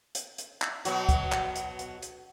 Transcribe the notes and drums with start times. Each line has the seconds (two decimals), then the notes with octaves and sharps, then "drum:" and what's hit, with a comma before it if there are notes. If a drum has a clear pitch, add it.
0.15 drum: hi-hat
0.38 drum: hi-hat
0.62 drum: clap
0.85 B2 F#3 F#4, drum: hi-hat
1.09 drum: kick, hi-hat
1.32 drum: clap
1.56 drum: hi-hat
1.79 drum: hi-hat
2.02 drum: hi-hat